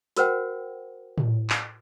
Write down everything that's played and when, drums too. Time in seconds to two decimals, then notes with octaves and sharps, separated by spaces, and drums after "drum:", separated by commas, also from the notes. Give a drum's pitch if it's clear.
0.17 F#4 A#4 C5 F#5 G5, drum: hi-hat
1.18 drum: tom A2
1.50 drum: clap